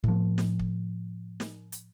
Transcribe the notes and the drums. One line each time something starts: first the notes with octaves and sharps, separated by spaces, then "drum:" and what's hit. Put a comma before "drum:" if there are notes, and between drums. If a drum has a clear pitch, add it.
A2 F3, drum: kick
drum: snare
drum: kick
drum: snare
drum: hi-hat